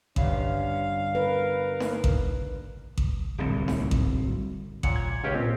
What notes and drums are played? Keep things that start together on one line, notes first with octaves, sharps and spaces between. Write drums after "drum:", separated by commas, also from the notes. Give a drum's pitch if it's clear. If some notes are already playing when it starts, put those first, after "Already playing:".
G1 G2 C#4 F5, drum: kick A1
A#4 B4
drum: snare D#4
drum: kick A1
drum: kick A1
D1 C2
drum: snare D#4
drum: kick A1
A#2 C#5 F#5, drum: kick A1
G#6
C#2 C#4 G4
A#2 C4